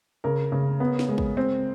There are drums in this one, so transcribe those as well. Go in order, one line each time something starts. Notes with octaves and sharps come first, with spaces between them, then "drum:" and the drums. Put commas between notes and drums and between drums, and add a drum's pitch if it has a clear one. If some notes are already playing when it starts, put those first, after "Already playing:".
C#3 A#4
C#3
B3
drum: snare
G#3
drum: kick A1
C4